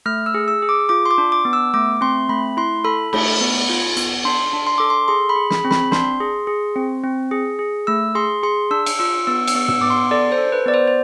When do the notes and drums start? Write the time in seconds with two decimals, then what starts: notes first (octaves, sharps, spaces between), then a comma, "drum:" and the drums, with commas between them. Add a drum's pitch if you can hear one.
0.06 A3 F6
0.26 E6
0.34 G#4
0.48 E6
0.62 G#4
0.69 D6
0.89 F4 D6
1.06 C6
1.11 D6
1.18 D4
1.32 D6
1.45 B3
1.53 E6
1.74 A3 D6
2.01 C4 C6
2.29 A3 B5
2.57 E4 C6
2.85 A4 B5
3.13 A3 B5, drum: cymbal
3.41 B3
3.69 F4
3.96 B3, drum: hi-hat
4.25 D4 C6
4.53 D4
4.67 C6
4.78 A4 D6
4.90 C6
5.08 G#4 C6
5.29 B5
5.36 G#4
5.51 B5, drum: snare
5.65 C4
5.71 B5, drum: snare
5.92 D4 C6, drum: snare
6.20 G#4
6.47 G#4
6.76 C4
7.04 C4
7.31 G#4
7.59 G#4
7.87 A3 E6
8.15 G#4 C6
8.43 G#4 C6
8.71 D4 E6
8.86 drum: cymbal
8.99 F4 E6
9.27 B3 E6
9.47 E6, drum: cymbal
9.55 B3
9.68 E6, drum: tom
9.81 B3 D6
9.90 C6
10.11 A4 D5
10.32 C5
10.38 A4
10.52 B4
10.66 B3 D5
10.74 C5
10.88 C5